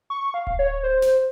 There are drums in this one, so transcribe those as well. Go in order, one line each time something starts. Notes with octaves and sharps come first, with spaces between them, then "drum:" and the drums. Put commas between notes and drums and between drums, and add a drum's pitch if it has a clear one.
C#6
F5
drum: kick D1
C#5
C5
drum: snare